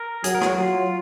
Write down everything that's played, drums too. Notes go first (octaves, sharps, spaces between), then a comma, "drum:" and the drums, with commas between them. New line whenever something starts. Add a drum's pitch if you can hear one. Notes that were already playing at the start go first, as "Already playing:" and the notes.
Already playing: A#4
F#3 G#4, drum: hi-hat
A#4
G#4, drum: rim click
F#4
F#3 F4